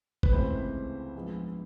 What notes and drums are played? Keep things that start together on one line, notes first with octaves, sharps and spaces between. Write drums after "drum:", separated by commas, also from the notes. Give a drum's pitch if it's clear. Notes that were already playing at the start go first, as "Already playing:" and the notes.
B4, drum: kick
C#2 C3 E3 A3 C4 C5
A#1 G#2 F3 G#3 B3